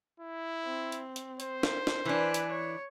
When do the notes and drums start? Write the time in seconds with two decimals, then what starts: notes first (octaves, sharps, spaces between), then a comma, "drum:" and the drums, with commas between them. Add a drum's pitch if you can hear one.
0.20 E4
0.64 C4
0.92 drum: hi-hat
1.16 drum: hi-hat
1.40 C5, drum: hi-hat
1.63 drum: snare
1.87 drum: snare
2.05 E3 D4 B4 G#5
2.34 drum: hi-hat
2.50 C#5